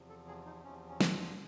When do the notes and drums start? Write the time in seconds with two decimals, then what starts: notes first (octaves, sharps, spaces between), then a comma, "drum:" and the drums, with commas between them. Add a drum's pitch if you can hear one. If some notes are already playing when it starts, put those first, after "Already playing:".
Already playing: E2 C3 F3
0.09 A4
0.28 G#4
0.46 D#4
0.64 E2 C3 F3 C#4
0.89 C#4
1.01 C4, drum: snare